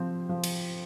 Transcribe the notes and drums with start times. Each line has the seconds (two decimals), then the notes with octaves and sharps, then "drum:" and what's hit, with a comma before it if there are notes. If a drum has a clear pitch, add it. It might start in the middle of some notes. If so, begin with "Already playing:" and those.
Already playing: F3 C4
0.29 F3
0.44 drum: cymbal